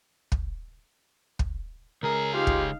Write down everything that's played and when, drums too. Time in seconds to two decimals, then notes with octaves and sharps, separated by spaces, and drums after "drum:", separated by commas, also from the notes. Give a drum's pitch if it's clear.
0.32 drum: kick
1.39 drum: kick
2.03 C#2 G#4 A#4
2.33 D#4 F4 G4 F5
2.47 drum: kick